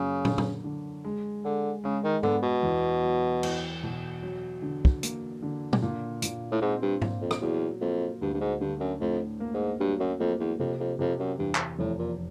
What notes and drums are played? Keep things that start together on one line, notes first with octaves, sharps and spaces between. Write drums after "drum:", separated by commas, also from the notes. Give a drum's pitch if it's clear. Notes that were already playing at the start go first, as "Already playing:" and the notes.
Already playing: F#2 C#3 A#3
D3, drum: tom
drum: tom
D3
G#3
D3 G#3
C#3 G#3
D#3
D3 B3, drum: tom G#2
B2
E2
F#3
E2, drum: cymbal
B2
F#3
D3
drum: kick
A#3, drum: hi-hat
D3
drum: tom
A#2
A#2, drum: hi-hat
A2
G#2 C4
G2
A#2, drum: tom G#2
F2
drum: rim click
E2 F#3
F2 A#3
D2 G2
G2
G#2
G2 D3
F#2
F2 A2
A#3
G#2
G2 F#3
F#2
F2 A#3
E2
F2 C3
F2
F2 C3
F#2
E2 G2
drum: clap
F1 A2
A#2